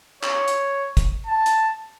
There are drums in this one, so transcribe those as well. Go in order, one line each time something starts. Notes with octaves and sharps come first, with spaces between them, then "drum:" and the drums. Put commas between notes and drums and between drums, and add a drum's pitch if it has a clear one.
C#5, drum: clap
drum: hi-hat
drum: kick, hi-hat
A5
drum: hi-hat